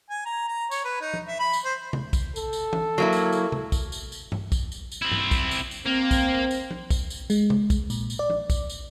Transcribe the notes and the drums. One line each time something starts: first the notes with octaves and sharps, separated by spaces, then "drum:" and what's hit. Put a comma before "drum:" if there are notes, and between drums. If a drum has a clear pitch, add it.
G#5
A#5
A#5
C#5, drum: tambourine
B4
D#4
drum: tom F3
E5
B5
drum: tambourine
C5
drum: tom C3
drum: kick, tambourine
A4, drum: tambourine
drum: tambourine
drum: tom E3
F#3 A#3 E4
drum: tambourine
drum: tambourine
drum: tom C3
drum: kick, tambourine
drum: tambourine
drum: tambourine
drum: tom G2
drum: kick, tambourine
drum: tambourine
drum: tambourine
C4 E4
drum: tom G2
drum: kick, tambourine
drum: tambourine
drum: tambourine
A#3 C4
drum: kick, tambourine
drum: tambourine
drum: tom F3
drum: kick, tambourine
drum: tambourine
G#3, drum: tambourine
drum: tom C3
drum: kick, tambourine
A#2, drum: tambourine
drum: tambourine
D5
drum: tom F3
drum: kick, tambourine
drum: tambourine